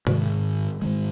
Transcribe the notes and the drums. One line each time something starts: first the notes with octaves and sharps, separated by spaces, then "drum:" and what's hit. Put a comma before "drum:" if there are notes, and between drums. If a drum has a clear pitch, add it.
G#2 D#3 G#3, drum: tom C3
G#2 D#3 G#3